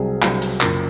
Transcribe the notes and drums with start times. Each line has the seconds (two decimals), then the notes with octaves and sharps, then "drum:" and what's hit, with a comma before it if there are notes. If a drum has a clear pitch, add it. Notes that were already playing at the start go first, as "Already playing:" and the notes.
Already playing: C2 C3 F#3 G#4
0.22 C2 C3 F#3, drum: clap
0.42 drum: hi-hat
0.61 F#1 F#2 C#3 F3 A#4, drum: clap